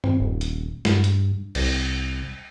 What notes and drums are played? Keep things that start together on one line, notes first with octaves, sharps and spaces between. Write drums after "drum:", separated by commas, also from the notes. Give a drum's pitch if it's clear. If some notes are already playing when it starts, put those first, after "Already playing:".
C4, drum: tom G2
D#1
drum: hi-hat
G2, drum: snare
drum: hi-hat
C2, drum: cymbal